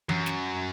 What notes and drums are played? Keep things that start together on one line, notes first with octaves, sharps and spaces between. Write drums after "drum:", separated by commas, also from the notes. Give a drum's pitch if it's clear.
F#2, drum: tom E3
drum: snare